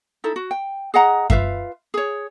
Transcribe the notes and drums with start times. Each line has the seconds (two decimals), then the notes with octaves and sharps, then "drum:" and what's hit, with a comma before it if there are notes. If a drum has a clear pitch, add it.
0.24 D#4 E4 A4
0.36 F#4
0.51 G5
0.94 G#4 D#5 F#5 A#5
1.30 F4 B4 E5 F5, drum: kick F#2
1.94 G#4 C#5